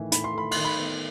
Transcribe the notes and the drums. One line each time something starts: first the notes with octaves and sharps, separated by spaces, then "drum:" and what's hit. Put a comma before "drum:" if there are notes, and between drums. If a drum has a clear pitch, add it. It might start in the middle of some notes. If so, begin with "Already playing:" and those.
Already playing: A2 D#3 E3
A2 B5, drum: hi-hat
C6
A3 B5
C6, drum: cymbal
D#3
B5
B3